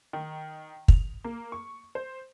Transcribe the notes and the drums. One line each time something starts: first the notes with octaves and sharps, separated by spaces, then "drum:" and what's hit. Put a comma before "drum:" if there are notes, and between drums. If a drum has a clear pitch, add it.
D#3
F7, drum: kick
A#3
C#6
C5